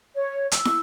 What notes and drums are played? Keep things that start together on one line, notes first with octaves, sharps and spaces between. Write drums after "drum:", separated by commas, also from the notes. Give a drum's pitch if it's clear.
C#5
E6, drum: hi-hat
drum: snare